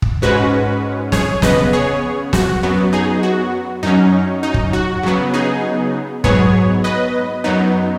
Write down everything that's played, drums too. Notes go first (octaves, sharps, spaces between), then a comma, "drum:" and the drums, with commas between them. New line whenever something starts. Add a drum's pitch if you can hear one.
drum: kick
G#2 G#3 C#4 F#4 B4
G#4 C#5, drum: snare
C#3 B3 B4 D#5, drum: snare
G#4 C#5
F#4, drum: snare
F#2 F#3 B3
D#4 G#4
F#4
F#2 F#3 C#4 D#4
D#4
drum: kick
F#4
C#3 F#3 B3
D#4 G#4
G#2 F#3 B3 G#4 C#5, drum: kick
B4 D#5
F#2 F#3 B3 D#4